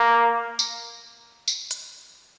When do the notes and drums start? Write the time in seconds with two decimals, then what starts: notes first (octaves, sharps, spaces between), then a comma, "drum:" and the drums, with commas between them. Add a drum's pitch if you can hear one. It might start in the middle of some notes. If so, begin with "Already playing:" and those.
Already playing: A#3
0.59 drum: tambourine
1.48 drum: tambourine
1.71 drum: hi-hat